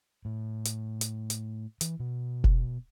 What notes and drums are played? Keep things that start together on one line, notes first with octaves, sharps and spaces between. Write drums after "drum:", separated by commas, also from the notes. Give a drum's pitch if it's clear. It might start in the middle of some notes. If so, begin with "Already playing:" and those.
A2
drum: hi-hat
drum: hi-hat
drum: hi-hat
E3, drum: hi-hat
B2
drum: kick F1